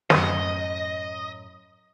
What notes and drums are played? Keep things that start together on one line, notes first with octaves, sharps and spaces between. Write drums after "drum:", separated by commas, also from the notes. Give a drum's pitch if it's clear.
F#2 A2 D#5, drum: snare